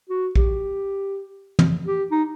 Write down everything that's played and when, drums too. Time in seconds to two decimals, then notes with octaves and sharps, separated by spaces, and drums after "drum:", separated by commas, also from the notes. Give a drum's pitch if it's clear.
0.10 F#4
0.36 G4, drum: kick A#1
1.59 drum: tom
1.86 G4
2.11 D#4